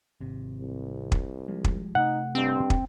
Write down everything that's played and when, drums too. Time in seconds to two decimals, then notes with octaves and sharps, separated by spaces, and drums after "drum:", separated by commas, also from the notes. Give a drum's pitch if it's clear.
0.20 G#1 C3
0.59 C2
1.12 drum: kick
1.48 F3 G3 G#3
1.64 drum: kick
1.95 C3 A3 D#4 F#5
2.35 G2 C4
2.70 drum: kick